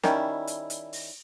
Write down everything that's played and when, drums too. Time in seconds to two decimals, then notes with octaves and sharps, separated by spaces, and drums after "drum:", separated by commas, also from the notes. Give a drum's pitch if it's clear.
0.03 D#3 G3 C#4 E4, drum: snare
0.47 drum: hi-hat
0.70 drum: hi-hat
0.93 drum: open hi-hat